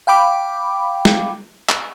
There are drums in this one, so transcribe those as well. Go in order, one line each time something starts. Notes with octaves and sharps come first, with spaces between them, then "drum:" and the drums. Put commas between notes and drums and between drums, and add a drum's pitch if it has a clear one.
F5 G5 B5 D6
drum: snare
drum: clap